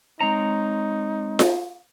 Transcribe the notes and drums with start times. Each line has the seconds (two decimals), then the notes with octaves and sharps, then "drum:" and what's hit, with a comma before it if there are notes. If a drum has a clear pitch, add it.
0.20 G#3 C4 D#4 C#5 A#5
1.39 drum: snare F4